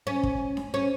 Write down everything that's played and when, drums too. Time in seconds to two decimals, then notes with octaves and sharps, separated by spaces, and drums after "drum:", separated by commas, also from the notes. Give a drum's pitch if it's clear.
0.07 C#4
0.23 drum: kick
0.57 drum: snare D4
0.74 C#4